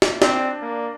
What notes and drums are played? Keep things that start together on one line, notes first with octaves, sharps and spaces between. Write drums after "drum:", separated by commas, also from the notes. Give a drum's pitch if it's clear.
drum: snare
C4 D4, drum: snare
A#3